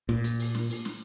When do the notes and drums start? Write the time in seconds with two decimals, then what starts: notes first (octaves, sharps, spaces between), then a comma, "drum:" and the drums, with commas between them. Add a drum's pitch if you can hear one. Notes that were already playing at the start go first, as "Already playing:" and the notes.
0.09 A#2, drum: snare
0.24 drum: hi-hat
0.39 drum: open hi-hat
0.55 drum: snare
0.70 drum: open hi-hat
0.85 drum: snare